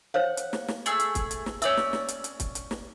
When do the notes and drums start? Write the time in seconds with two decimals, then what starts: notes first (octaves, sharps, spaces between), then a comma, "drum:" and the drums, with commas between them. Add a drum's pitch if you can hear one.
0.14 C5 C#5 F5 F#5
0.37 drum: hi-hat
0.53 drum: snare
0.68 drum: snare
0.86 A3 G#4 E6, drum: hi-hat
1.00 drum: hi-hat
1.15 drum: kick, hi-hat
1.31 drum: hi-hat
1.46 drum: snare
1.62 C#4 C#5 D5 E5 E6, drum: hi-hat
1.77 drum: snare
1.93 drum: snare
2.08 drum: hi-hat
2.24 drum: hi-hat
2.40 drum: kick, hi-hat
2.55 drum: hi-hat
2.71 drum: snare